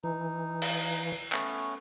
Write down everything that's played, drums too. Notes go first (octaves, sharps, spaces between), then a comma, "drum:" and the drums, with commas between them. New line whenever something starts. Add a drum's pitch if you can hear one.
E3 D#4
drum: cymbal
A3 B3 C#4, drum: clap